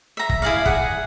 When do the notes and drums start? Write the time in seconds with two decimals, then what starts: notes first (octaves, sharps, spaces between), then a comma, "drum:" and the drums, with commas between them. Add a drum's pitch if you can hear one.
0.17 E5 A#5
0.29 drum: kick
0.42 E4 G#4 D5 F5
0.66 G#4 F#5, drum: kick